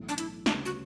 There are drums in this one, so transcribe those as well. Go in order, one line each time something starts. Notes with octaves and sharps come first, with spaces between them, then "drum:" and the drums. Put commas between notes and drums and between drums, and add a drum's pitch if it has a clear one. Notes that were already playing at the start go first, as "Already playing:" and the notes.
Already playing: B1 A2 E3
D4
E4, drum: hi-hat
D2 C#3 G3 B3 D4, drum: snare
F#4